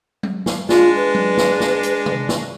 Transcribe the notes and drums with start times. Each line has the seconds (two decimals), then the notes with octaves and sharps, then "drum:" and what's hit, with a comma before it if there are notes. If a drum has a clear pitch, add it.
0.23 drum: tom F#3
0.46 drum: snare
0.69 G#3 D4 F4, drum: snare
0.96 B4
1.15 drum: tom F#3
1.37 drum: snare
1.60 drum: snare
1.83 drum: hi-hat
2.06 drum: tom C3
2.29 drum: snare